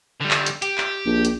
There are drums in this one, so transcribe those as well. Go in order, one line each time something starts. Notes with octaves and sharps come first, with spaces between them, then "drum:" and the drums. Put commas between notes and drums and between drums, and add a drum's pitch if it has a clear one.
D3 G3
drum: clap
drum: hi-hat
G4, drum: hi-hat
drum: clap
A#1
drum: hi-hat